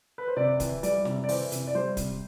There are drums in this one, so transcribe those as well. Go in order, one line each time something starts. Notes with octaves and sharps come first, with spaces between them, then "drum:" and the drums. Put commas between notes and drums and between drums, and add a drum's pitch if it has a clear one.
B4
C5
C3 D5
E3, drum: kick, hi-hat
G3 D5, drum: hi-hat
C3, drum: snare
D5
E3 C5, drum: open hi-hat
C3, drum: hi-hat
D5
G3 C5
C3, drum: kick, hi-hat